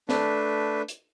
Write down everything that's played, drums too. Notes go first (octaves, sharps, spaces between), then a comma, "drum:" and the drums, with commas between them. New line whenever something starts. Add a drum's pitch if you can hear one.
A3 D4 B4, drum: snare
drum: hi-hat